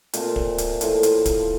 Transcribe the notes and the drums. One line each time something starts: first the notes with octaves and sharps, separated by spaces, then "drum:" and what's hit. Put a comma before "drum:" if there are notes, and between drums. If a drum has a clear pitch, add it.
A#2 A3 C4 F4, drum: hi-hat
drum: kick
drum: hi-hat
A2 F3 A#3, drum: hi-hat
drum: hi-hat
drum: kick, hi-hat